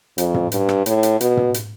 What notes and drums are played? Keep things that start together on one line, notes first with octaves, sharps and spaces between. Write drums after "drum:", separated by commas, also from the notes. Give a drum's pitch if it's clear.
F2, drum: hi-hat
drum: tom
G2, drum: hi-hat
drum: rim click
A2, drum: hi-hat
drum: hi-hat
B2, drum: hi-hat
drum: tom
drum: hi-hat